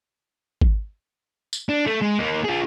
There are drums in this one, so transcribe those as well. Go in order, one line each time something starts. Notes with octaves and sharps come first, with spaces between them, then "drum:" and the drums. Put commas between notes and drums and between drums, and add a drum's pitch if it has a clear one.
drum: kick G#1
drum: tambourine
D4
A3
G#3
A#3 D#4
F4 G#4